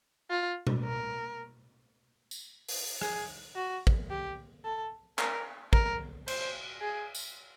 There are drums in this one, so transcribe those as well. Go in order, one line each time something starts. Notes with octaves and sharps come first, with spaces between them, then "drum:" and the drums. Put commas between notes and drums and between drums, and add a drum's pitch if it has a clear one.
F4
drum: tom B2
A#4
drum: tambourine
drum: open hi-hat
G#4, drum: rim click
F#4
drum: kick
G4
A4
A#4, drum: clap
A#4, drum: kick
C5, drum: cymbal
G#4
drum: tambourine